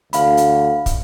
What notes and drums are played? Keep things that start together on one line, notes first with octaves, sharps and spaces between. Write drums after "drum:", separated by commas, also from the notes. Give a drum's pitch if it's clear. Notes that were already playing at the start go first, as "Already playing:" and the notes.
D2 F5 B5, drum: hi-hat
drum: hi-hat
drum: kick, hi-hat